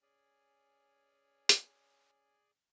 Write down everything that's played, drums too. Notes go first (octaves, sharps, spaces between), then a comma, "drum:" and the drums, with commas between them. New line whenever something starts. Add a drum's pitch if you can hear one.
C#4 G#4 D5 G#5
drum: hi-hat